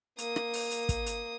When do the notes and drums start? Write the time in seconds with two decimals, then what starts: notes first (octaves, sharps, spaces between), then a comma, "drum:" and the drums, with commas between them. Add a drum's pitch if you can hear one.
0.18 A#3 D#6, drum: hi-hat
0.36 drum: rim click
0.54 drum: open hi-hat
0.71 drum: hi-hat
0.89 drum: kick, hi-hat
1.06 drum: hi-hat